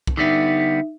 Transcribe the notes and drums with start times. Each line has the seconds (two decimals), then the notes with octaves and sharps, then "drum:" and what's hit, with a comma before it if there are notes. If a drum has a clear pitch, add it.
0.07 drum: kick
0.17 D3 G3 B3 D#4 E5